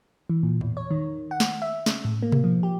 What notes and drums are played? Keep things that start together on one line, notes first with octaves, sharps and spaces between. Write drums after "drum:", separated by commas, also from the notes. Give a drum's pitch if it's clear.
E3
A#2
E2, drum: tom G#2
C#5
D#3
F#5
drum: snare
E5
C#3, drum: snare
A2
A#3
drum: tom B2
F3
G4